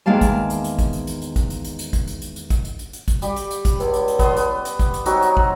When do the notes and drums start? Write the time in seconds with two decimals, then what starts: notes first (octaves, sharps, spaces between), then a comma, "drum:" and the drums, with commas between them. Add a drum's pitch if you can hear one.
0.06 E2 D#3 G#3 A#3 F5 A5
0.21 drum: kick, hi-hat
0.50 drum: hi-hat
0.64 drum: hi-hat
0.79 drum: kick, hi-hat
0.93 drum: hi-hat
1.07 drum: hi-hat
1.22 drum: hi-hat
1.36 drum: kick, hi-hat
1.50 drum: hi-hat
1.64 drum: hi-hat
1.79 drum: hi-hat
1.93 drum: kick, hi-hat
2.07 drum: hi-hat
2.22 drum: hi-hat
2.36 drum: hi-hat
2.50 drum: kick, hi-hat
2.65 drum: hi-hat
2.79 drum: hi-hat
2.93 drum: hi-hat
3.08 drum: kick, hi-hat
3.22 G3 G4, drum: hi-hat
3.36 drum: hi-hat
3.51 drum: hi-hat
3.65 drum: kick, hi-hat
3.80 C#2, drum: hi-hat
3.94 drum: hi-hat
4.08 drum: hi-hat
4.19 B3 C6, drum: kick, hi-hat
4.37 drum: hi-hat
4.65 drum: hi-hat
4.79 drum: kick, hi-hat
4.94 drum: hi-hat
5.06 F#3 C4 D#4 F#4, drum: hi-hat
5.22 drum: hi-hat
5.37 drum: kick